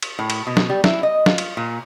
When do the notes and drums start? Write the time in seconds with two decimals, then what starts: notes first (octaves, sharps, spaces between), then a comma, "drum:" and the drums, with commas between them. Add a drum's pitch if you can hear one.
0.03 drum: cymbal
0.19 A2
0.30 drum: cymbal
0.47 B2
0.57 drum: snare
0.69 G3
0.84 E4, drum: snare
1.03 D#5
1.26 F4, drum: snare
1.38 drum: cymbal
1.57 A#2